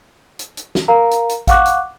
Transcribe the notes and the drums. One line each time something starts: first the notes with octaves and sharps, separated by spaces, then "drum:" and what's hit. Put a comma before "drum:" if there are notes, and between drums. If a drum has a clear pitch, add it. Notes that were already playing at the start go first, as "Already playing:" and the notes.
drum: hi-hat
drum: hi-hat
drum: snare
A#4 F5 A#5
drum: hi-hat
drum: hi-hat
F5 F#5 C#6 D6 F#6, drum: kick A1, hi-hat
drum: hi-hat